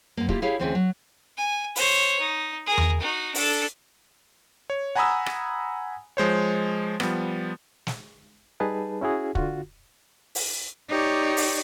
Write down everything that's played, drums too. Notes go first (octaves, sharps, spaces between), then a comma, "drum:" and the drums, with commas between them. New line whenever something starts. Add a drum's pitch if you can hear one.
F#2 A#3
A#3 E4 F4 G4 A4, drum: kick
E4 G4 G#4 C#5 F5
D2 E3 C4 C#4 G#4 E5
F#3
G#5
C5 C#5, drum: open hi-hat
D#4
G#4 A#4
drum: tom E2
D#4 F#4
D4 A4, drum: open hi-hat
C#5
F#5 G#5 A#5 B5 D#6 E6
drum: rim click
F3 G#3 C5 C#5
F3 G3 B3, drum: rim click
drum: snare
G3 D#4 G#4 B4 A5
C#4 E4 F#4 G#4
D3 F4 F#4, drum: kick
drum: open hi-hat
D#4 G4 C#5 D5
drum: open hi-hat